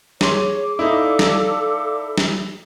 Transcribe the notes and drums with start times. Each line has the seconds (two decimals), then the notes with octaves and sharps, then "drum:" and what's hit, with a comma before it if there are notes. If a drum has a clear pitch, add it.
0.21 G#4 C#5 C6 D6 D#7, drum: snare
0.79 D#4 E4 A4 D5 F5
1.19 drum: snare
2.18 drum: snare